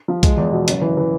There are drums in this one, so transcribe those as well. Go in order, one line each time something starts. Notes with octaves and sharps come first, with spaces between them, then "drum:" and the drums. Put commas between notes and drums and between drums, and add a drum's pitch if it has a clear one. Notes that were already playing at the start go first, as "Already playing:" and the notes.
F3
G#3, drum: kick B1, hi-hat
E2
B2
F#1, drum: hi-hat
E3
E3